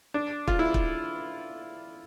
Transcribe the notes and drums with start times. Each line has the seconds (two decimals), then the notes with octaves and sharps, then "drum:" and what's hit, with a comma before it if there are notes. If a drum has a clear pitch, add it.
0.14 D4
0.48 F4, drum: kick
0.59 E4
0.74 drum: kick